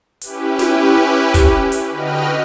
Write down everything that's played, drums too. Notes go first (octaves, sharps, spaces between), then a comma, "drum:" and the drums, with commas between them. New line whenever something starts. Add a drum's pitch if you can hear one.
C#4 E4 G4 B4, drum: hi-hat
drum: snare
drum: kick, hi-hat
drum: hi-hat
D3 F#4 B4 D#5 G5 F6